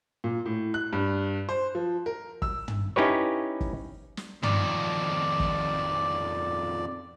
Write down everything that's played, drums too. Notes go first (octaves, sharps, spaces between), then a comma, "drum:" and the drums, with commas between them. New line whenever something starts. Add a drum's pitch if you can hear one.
A#2
A2
F#6
G2
C5
F3
A#4
E6, drum: kick
drum: tom
C#4 D#4 E4 G4 B4 C#5
drum: kick
drum: snare
F2 D#3 D5, drum: tom
drum: kick